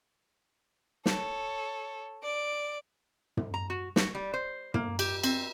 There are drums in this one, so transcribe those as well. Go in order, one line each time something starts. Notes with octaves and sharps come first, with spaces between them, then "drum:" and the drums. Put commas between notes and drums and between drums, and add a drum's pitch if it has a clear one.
A4 C#5, drum: snare
D5 D7
drum: tom
A#5
F#4
F#4, drum: snare
G3
C5
A#3, drum: tom
G4, drum: cymbal
C4, drum: cymbal